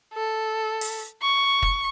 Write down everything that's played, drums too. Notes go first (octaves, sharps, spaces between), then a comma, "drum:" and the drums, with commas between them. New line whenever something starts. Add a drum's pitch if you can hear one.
A4
drum: open hi-hat
C#6
drum: kick